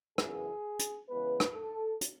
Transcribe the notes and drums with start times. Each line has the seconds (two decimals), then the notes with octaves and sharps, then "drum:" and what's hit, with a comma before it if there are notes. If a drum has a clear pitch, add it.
0.18 F#2 C#3 E3 B3 G#4, drum: rim click
0.79 drum: hi-hat
1.09 C#3 E3 G#3 B3 B4
1.40 drum: rim click
1.55 A4
2.01 drum: hi-hat